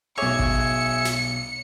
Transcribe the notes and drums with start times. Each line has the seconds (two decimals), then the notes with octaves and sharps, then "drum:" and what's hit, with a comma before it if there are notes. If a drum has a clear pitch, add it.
0.18 B1 G#4 C#5 E5 D6 C#7
0.39 drum: kick G#1
1.05 drum: snare